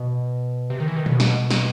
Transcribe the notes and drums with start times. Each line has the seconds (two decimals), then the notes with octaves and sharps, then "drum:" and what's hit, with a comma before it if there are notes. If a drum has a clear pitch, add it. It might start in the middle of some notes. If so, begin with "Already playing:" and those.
Already playing: B2
0.70 C3
0.80 D#3
0.88 E3
0.96 D#3
1.06 B2, drum: tom
1.20 drum: snare
1.50 drum: snare